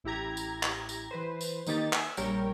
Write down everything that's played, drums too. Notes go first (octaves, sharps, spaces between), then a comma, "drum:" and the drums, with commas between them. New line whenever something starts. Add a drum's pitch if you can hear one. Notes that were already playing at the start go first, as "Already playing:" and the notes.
A1 E4 G4 A#5 G#6
drum: tambourine
drum: clap
drum: tambourine
E3 B4 C5
drum: tambourine
D#3 A#3 D#4 G4 A6, drum: tambourine
E5 G#5, drum: clap
A#1 G3 A#4 C#5 G5, drum: tambourine